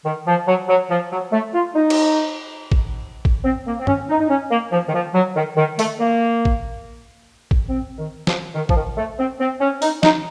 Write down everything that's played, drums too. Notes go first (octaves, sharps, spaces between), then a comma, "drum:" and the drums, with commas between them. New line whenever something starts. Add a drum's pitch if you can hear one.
D#3
F3
F#3
F#3
F3
F#3
A3
F4
D#4
drum: cymbal
drum: kick
drum: kick
C4
A#3
C4
C#4, drum: tom G2
D#4
D#4
C#4
A#3
F3
D#3
F3
F#3
D#3
D#3
A3, drum: open hi-hat
A#3
drum: kick
drum: kick
C4
D#3
F3, drum: snare
D#3
F3, drum: kick
D#3
A3
C4
C4
C#4
D#4, drum: open hi-hat
D#4, drum: snare